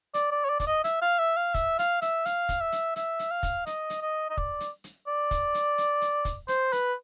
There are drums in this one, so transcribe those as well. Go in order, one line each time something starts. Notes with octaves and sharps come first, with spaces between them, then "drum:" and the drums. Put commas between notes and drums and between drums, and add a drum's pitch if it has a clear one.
D5, drum: hi-hat
D5
C#5
D5
D5, drum: kick, hi-hat
D#5
E5, drum: hi-hat
F5
E5
F5
E5, drum: kick, hi-hat
F5, drum: hi-hat
E5, drum: hi-hat
F5, drum: hi-hat
drum: kick, hi-hat
E5
drum: hi-hat
E5, drum: hi-hat
drum: hi-hat
F5
drum: kick, hi-hat
D#5, drum: hi-hat
drum: hi-hat
D#5
D#5
D5, drum: kick
drum: hi-hat
drum: hi-hat
D5
drum: kick, hi-hat
drum: hi-hat
drum: hi-hat
drum: hi-hat
drum: kick, hi-hat
C5, drum: hi-hat
B4, drum: hi-hat